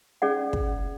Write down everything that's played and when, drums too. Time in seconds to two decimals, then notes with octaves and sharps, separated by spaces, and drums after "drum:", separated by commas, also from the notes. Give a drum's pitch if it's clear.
0.22 C#4 G#4 D5 F#5
0.53 drum: kick